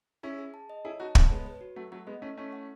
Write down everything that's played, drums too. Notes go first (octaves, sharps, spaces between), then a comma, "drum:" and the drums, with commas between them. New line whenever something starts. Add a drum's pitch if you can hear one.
C#4 E4 G#4
G#4
A5
D#5
E4 G#4 C#5
D#4 F#4 A5
C#4 E4 A5, drum: kick
G#3 B3 C#5
B4
F#4
F#3 A3 F#5
F#3 A3 F#5
G#3 B3 D#5
A3 C#4 E4
A3 C#4 E4
F#5